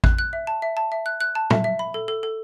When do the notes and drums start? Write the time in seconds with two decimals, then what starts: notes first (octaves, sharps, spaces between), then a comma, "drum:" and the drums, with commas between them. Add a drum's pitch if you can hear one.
0.04 F#6, drum: kick A1
0.19 F#6
0.33 E5
0.47 A5
0.62 E5
0.77 A5
0.92 E5
1.06 F#6
1.21 F#6
1.35 A5
1.50 E5, drum: tom
1.64 E5
1.79 B5
1.94 A4
2.08 A4
2.23 A4